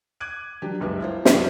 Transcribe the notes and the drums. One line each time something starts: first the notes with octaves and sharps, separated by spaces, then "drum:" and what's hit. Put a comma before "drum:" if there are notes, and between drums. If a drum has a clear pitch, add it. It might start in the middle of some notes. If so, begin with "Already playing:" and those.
D6 F#6 G#6 D7 D#7
F3 F#3 D4 G4
F#1 C#2 G2 B3 G4 E5
E4 F4 C5
C2 F#2 B4 C#6 G6, drum: snare